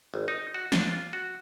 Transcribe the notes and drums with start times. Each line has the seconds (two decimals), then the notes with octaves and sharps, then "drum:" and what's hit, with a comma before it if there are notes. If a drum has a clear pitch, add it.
0.14 G#1
0.28 D#4
0.54 F#4
0.72 D4, drum: snare
0.89 F4
1.13 F#4